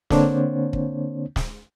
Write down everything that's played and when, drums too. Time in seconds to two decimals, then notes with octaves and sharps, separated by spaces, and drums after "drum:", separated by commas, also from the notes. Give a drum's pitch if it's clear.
0.10 D3 A#3 C4 D4 C5 C#5, drum: snare
0.73 drum: kick
1.36 drum: snare